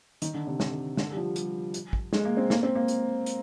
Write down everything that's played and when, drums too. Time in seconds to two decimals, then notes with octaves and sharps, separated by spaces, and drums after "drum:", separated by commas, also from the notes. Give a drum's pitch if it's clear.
0.22 D#3, drum: hi-hat
0.34 D3
0.47 C3
0.60 drum: snare
0.97 D3, drum: snare
1.12 G3
1.17 F3
1.36 G3, drum: hi-hat
1.74 drum: hi-hat
1.93 drum: kick
2.13 G#3, drum: snare
2.25 A#3
2.37 C4
2.50 A#3, drum: snare
2.63 C4
2.75 A#3
2.88 drum: hi-hat
3.26 drum: hi-hat